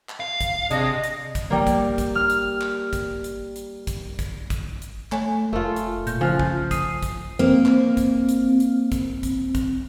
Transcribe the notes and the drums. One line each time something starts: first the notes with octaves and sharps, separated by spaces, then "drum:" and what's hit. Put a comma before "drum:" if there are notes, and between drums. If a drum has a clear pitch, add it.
drum: clap
F5
drum: kick, hi-hat
C3 D4 G#4 D#5, drum: hi-hat
drum: hi-hat
drum: kick, hi-hat
G3 A#3
drum: kick, hi-hat
drum: kick, hi-hat
F6
drum: hi-hat
drum: clap
drum: kick, hi-hat
drum: hi-hat
drum: hi-hat
drum: kick, hi-hat
drum: kick, hi-hat
drum: kick, hi-hat
drum: hi-hat
A3 C#5 G#5, drum: clap
F1 A3 F4 A#4
drum: hi-hat
A#2 G6, drum: hi-hat
C#3 F3 G#5 F6 F#6
drum: kick
D#6 C7 D#7, drum: kick, hi-hat
drum: kick, hi-hat
A#3 C4
drum: clap
drum: kick, hi-hat
drum: hi-hat
drum: hi-hat
drum: kick, hi-hat
drum: kick, hi-hat
drum: kick, hi-hat